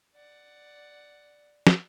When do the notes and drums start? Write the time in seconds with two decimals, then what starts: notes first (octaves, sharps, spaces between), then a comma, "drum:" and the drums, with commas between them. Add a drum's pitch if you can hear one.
0.15 D5 F#5
1.67 drum: snare